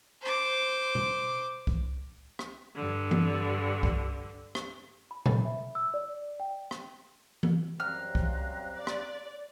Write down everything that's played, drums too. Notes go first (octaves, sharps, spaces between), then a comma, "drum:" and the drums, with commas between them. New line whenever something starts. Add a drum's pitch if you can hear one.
C5 D6
drum: tom B2
drum: kick C2
drum: rim click
G2 D3
drum: tom E3
drum: kick C2
drum: rim click
B5
B5, drum: tom A#2
E5
E6
D5
G5
drum: rim click
drum: tom E3
F#2 G3 C4 F5 A#5 F6 F#6
drum: kick C2
D5
drum: rim click